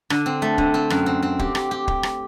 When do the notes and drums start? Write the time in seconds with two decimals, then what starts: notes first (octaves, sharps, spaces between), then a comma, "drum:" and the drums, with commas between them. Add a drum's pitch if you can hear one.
0.10 D3, drum: rim click
0.26 C4
0.42 A3
0.58 D3, drum: kick
0.74 C4
0.90 F#2, drum: rim click
1.06 C4
1.22 C4
1.39 G4, drum: kick
1.55 G4, drum: rim click
1.71 G4
1.88 G4, drum: kick
2.03 drum: rim click